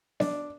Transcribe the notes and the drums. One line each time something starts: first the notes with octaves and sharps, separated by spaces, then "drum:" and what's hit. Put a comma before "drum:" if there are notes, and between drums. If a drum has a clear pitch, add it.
D4, drum: snare B3